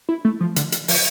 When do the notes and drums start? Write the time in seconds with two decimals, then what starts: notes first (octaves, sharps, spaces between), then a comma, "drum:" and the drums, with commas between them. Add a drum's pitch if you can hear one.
0.09 E4
0.25 A3
0.41 F3
0.56 D3, drum: hi-hat
0.72 drum: hi-hat
0.88 F3, drum: open hi-hat